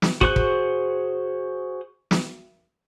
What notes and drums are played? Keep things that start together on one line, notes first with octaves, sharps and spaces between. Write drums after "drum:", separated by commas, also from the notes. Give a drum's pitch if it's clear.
drum: snare
F#4 G#4 C5 C#6 F#6, drum: kick
drum: kick
drum: snare